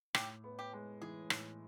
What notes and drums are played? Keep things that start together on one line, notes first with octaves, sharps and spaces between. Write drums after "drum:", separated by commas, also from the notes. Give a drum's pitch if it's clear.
A2 G4, drum: rim click
B3
G4
G#3
E3 G#4
A2, drum: rim click